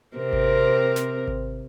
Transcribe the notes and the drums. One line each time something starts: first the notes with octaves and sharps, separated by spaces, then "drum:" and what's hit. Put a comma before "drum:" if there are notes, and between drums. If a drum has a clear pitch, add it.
C3 C4 A#4
drum: kick G#1
drum: snare
drum: kick G#1